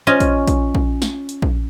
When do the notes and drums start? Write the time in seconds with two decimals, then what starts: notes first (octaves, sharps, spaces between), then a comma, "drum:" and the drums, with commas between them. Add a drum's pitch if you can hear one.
0.07 C#4 F4 D#5 G#5
0.20 drum: kick A#1, hi-hat
0.48 drum: kick A#1, hi-hat
0.75 drum: kick A#1
1.02 drum: snare
1.29 drum: hi-hat
1.42 drum: kick A#1